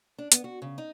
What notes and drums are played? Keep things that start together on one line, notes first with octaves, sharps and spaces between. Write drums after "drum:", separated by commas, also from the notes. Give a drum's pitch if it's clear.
D4
B3, drum: hi-hat
F#4
C#3
D#4